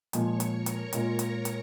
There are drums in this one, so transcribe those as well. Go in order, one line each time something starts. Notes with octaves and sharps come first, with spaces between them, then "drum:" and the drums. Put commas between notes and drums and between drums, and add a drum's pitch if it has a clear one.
A#2 F3 G#3 C#5 C#6, drum: hi-hat
drum: hi-hat
A#4 A#5
drum: hi-hat
A#2 G#3 F4 A#4 A#5, drum: hi-hat
drum: hi-hat
drum: hi-hat